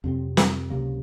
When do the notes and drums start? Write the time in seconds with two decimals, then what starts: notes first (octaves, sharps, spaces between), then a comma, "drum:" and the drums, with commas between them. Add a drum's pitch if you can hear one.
0.04 F2 C3 F#3 C4
0.37 drum: snare
0.70 C#2 C3 F#3 A#3